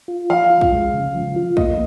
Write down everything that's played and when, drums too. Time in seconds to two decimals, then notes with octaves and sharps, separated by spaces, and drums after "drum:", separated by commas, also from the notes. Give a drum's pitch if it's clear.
0.08 F4
0.30 F3 F5
0.50 F4
0.61 drum: kick
0.72 G#3
0.94 C#3
1.15 F3
1.36 F4
1.57 A#3 D#5, drum: kick